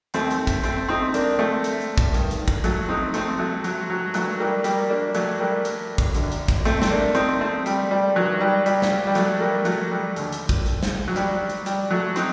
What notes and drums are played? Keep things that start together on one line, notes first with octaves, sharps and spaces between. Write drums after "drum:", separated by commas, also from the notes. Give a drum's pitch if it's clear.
D#2 D#3 A3 C4, drum: hi-hat
drum: hi-hat
drum: kick, hi-hat
A3 C4, drum: hi-hat
C4 D#4
A#3 D4, drum: hi-hat
A3 C4
drum: hi-hat
drum: hi-hat
drum: kick, hi-hat
G2 D#3, drum: hi-hat
drum: hi-hat
drum: kick, hi-hat
F#3 A3, drum: hi-hat
C4 D#4
A3 C4, drum: hi-hat
F#3 A3
F#3, drum: hi-hat
F#3
G2 D#3 F#3 A3, drum: hi-hat
G3 A#3
G3 A#3, drum: hi-hat
A#3 D4
F#3 A3, drum: hi-hat
G3 A#3
drum: hi-hat
drum: kick, hi-hat
F#2 D3, drum: hi-hat
drum: hi-hat
drum: kick, hi-hat
A3 C4, drum: hi-hat
C4, drum: snare
A#3 D4
C4 D#4, drum: hi-hat
A3 C4
G3, drum: hi-hat
G3
G2 D#3 F#3
G3
G3, drum: hi-hat
drum: snare
G3
F#3 A3, drum: hi-hat
G3 A#3
F#3 A3, drum: hi-hat
G3
D#2 D3, drum: hi-hat
drum: hi-hat
drum: kick, hi-hat
drum: hi-hat
drum: snare
F#3
G3, drum: hi-hat
drum: hi-hat
G3, drum: hi-hat
F#3 A3
C4 D#4, drum: hi-hat